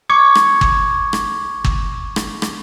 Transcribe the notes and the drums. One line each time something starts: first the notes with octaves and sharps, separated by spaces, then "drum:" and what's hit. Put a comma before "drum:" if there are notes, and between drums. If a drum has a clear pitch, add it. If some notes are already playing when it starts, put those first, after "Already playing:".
C#6 D6 G#6 C#7
drum: rim click
drum: kick
drum: rim click
drum: kick
drum: rim click
drum: rim click